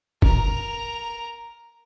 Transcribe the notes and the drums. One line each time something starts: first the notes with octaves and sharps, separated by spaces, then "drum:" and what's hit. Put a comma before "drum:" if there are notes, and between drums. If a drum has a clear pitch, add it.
A#4 A#5, drum: kick